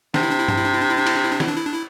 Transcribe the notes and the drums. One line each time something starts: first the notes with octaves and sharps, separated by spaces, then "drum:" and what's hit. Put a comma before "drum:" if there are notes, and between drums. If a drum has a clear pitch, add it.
C3 D4, drum: snare
E4
D4
E4
D4, drum: tom G2
E4
D4
E4
D4
E4
D4
E4, drum: cymbal
D4
E4
D4
E4, drum: snare
D4
E4
D4
E4